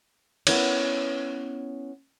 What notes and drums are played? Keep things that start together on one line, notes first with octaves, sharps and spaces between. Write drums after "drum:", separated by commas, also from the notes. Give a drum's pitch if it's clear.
B3 C#4 E4 A#4 B4 C#5, drum: cymbal